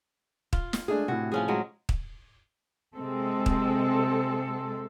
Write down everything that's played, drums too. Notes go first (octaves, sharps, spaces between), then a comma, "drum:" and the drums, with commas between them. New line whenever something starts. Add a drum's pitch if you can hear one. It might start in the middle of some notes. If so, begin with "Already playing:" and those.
F4, drum: kick
drum: snare
G#3 A3 D4 G#4
A2 C3 F#4
F3 C#4 G#4
F#3 G#3
drum: kick
C3 G#3 C4 A4
drum: kick